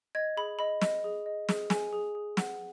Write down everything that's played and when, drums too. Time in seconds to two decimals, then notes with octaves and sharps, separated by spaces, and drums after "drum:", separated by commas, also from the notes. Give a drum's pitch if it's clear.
0.15 D#5 G#6
0.37 G#4 B5
0.59 D#5 B5
0.81 D#5, drum: snare
1.04 G#4
1.26 D#5
1.49 G#4, drum: snare
1.70 G#4 G#5, drum: snare
1.93 G#4
2.15 G#4
2.37 F#5, drum: snare